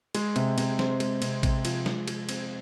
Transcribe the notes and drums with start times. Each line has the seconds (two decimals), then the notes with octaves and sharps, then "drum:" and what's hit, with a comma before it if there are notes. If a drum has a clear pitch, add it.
0.14 G#3, drum: cymbal
0.36 C3, drum: cymbal
0.58 C3, drum: cymbal
0.79 C4, drum: snare
1.00 G#3, drum: cymbal
1.22 C3, drum: cymbal
1.43 C3, drum: kick A1, cymbal
1.65 F3, drum: cymbal
1.86 G#3, drum: snare
2.08 G#3, drum: cymbal
2.29 C4, drum: cymbal